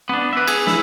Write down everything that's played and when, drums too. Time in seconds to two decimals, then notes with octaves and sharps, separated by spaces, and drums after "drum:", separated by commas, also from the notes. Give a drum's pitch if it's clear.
0.09 B3 D4
0.33 B4 E5
0.48 G#4, drum: cymbal
0.67 E4, drum: snare